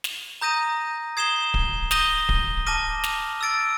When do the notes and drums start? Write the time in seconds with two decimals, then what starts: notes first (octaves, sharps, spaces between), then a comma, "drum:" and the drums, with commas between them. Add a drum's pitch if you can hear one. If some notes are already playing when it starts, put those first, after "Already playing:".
0.04 drum: snare
0.41 A#5 D#6 G6 A#6 D#7
1.17 D#6 G#6 C7 E7 G7
1.54 drum: kick D1
1.91 D#6 G6 A#6 D#7 G7, drum: snare
2.29 drum: kick D1
2.67 A5 D6 F6 A#6 D#7
3.04 drum: snare
3.41 E6 A6 D7